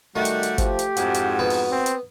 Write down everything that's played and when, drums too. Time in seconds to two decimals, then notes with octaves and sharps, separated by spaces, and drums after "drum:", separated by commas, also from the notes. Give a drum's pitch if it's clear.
0.16 D#3 G3 A3 F#4
0.25 drum: hi-hat
0.43 drum: hi-hat
0.58 F3 G4, drum: kick G1, hi-hat
0.79 drum: hi-hat
0.97 F2 G#2 F#4, drum: hi-hat
1.14 drum: hi-hat
1.39 B3
1.50 drum: open hi-hat
1.71 C4
1.86 drum: hi-hat